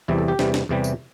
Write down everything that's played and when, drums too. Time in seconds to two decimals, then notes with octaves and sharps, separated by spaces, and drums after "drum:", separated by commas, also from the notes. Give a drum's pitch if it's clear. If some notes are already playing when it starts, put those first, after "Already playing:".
0.08 E2 C3 E3 G3 E4
0.18 A4
0.28 G4
0.39 E2 C3 E3 G3, drum: snare
0.54 drum: snare
0.69 E2 C3 E3 G3
0.84 drum: tambourine